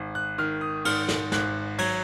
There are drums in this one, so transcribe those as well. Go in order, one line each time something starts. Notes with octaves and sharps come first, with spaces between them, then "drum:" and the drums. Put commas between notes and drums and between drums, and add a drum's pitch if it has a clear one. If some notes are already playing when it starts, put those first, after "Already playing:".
Already playing: G#1
F#6
D#3 F6
D#6
G#2 F6, drum: cymbal
drum: snare
G#1 F#6, drum: snare
F#3 G#6, drum: cymbal